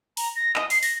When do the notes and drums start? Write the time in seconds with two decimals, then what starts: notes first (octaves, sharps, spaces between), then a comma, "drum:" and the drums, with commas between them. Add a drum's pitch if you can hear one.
0.17 A#5, drum: open hi-hat
0.36 A#6
0.56 D#5, drum: clap
0.70 C7, drum: open hi-hat
0.83 A#6, drum: open hi-hat